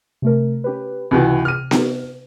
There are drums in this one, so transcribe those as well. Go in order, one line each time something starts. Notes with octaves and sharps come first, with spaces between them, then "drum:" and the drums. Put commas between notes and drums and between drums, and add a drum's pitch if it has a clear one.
C3 A3 A#4
C#4 G4 B4
C#2 C3 E3 F#4
F6 D#7
drum: snare B3